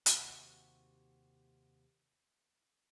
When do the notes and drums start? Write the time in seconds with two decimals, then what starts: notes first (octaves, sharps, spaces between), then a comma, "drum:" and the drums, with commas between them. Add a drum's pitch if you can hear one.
0.06 D#2 C3 F#4 F#5, drum: hi-hat